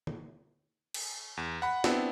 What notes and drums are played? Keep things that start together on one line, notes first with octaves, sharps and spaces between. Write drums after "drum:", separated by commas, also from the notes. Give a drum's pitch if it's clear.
drum: tom
drum: cymbal
E2
F#5 B5
B3 C4 D4 E4, drum: snare